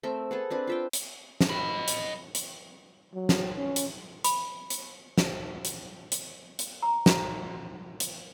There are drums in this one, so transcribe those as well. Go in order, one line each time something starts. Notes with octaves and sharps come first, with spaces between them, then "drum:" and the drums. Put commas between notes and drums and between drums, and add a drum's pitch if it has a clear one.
A3 C4 A#4 E5
B3 G#4 A4
C4 D4 B4
F4 E5 G5
drum: hi-hat
drum: snare
D#5 B5
drum: hi-hat
drum: hi-hat
F#3
drum: snare
C#4
drum: hi-hat
B5, drum: hi-hat
drum: hi-hat
drum: snare
drum: hi-hat
drum: hi-hat
drum: hi-hat
A#5
drum: snare
drum: hi-hat